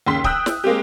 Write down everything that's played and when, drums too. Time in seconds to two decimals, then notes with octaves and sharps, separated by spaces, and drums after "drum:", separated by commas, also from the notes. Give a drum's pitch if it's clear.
0.07 D#2 C#3 C6 B6
0.24 G5 D#6 E6 F#6, drum: kick D1
0.46 drum: snare
0.64 G#3 A#3 C4 G4